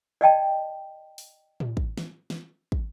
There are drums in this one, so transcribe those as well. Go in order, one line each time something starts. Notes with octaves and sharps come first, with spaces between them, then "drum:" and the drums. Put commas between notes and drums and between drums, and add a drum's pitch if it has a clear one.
D5 D#5 G5 A5
drum: open hi-hat
drum: tom A2
drum: kick
drum: snare
drum: snare
drum: kick